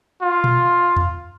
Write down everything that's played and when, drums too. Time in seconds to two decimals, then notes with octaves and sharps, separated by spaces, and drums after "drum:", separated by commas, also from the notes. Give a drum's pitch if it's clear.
0.22 F4
0.44 drum: tom A#2
0.96 drum: tom E2